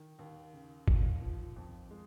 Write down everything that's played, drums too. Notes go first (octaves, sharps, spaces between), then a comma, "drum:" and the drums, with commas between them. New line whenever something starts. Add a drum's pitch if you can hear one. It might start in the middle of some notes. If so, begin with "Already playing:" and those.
Already playing: D#3
D#2
C#3
D#2, drum: kick
F3
F2
G#3